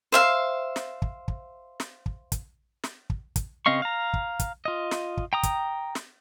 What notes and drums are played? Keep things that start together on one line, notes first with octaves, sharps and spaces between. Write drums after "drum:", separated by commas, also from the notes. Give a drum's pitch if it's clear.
C5 E5 F5
drum: snare
drum: kick
drum: kick
drum: snare
drum: kick
drum: kick, hi-hat
drum: snare
drum: kick
drum: kick, hi-hat
C#3 C4 D#5 F5 C#6
F5 A#5
drum: kick
drum: kick, hi-hat
F4 D#5
drum: snare
drum: kick
G5 A#5 D#6
drum: kick, hi-hat
drum: snare